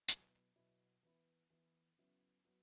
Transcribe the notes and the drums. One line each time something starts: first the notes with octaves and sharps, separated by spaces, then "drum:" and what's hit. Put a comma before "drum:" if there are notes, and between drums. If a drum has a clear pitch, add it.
B2 F#3 B3 E4, drum: hi-hat
B2 F#3 B3 E4
E3 B3 E4
E3 B3 E4
C#3 F#3 B3 E4
F#3 B3 E4